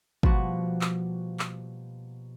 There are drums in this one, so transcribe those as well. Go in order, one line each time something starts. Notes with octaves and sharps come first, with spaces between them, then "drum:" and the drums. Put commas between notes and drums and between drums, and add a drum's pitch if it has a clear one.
B2 F3 G3 A#3 F#4, drum: kick
drum: clap
drum: clap